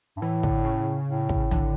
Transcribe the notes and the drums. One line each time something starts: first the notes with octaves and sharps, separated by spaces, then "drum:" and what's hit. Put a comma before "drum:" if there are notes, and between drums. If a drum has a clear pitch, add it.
G2
A2 E3
D3, drum: kick
C#3
A2
drum: kick
D3, drum: tom